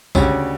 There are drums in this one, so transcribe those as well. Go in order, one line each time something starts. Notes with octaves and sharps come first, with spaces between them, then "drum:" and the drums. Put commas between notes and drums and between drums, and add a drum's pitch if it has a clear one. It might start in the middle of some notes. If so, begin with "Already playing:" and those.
D2 C#3 G3 C#5, drum: kick, tambourine